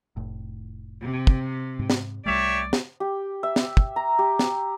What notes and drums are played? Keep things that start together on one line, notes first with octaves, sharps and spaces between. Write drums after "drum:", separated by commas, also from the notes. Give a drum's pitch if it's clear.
F1 A2
C3
drum: kick
G#2
drum: snare
C2 G3 A3 G4 C#5 D5 E5
drum: snare
G4
E5
drum: snare
drum: kick
A#5
G4
drum: snare